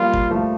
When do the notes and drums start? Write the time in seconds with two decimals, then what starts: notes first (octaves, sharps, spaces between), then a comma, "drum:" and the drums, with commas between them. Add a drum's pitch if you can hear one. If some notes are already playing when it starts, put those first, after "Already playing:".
Already playing: F3 G3 A#3 F4
0.13 drum: kick
0.31 F3 A3